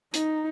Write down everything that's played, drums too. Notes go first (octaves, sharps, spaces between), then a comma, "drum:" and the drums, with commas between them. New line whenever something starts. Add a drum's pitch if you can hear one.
D#4, drum: hi-hat